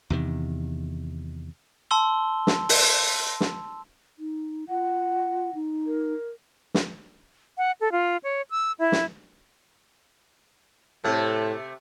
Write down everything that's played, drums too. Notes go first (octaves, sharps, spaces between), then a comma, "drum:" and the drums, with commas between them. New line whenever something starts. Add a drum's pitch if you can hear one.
E2 C3 D#3
A5 C6 E6 G7
drum: snare
drum: open hi-hat
drum: snare
D#4
F4 F#5
D#4
A#4
drum: snare
F#5
A4
F4
C#5
E6
E4
drum: snare
A2 C3 A3 A4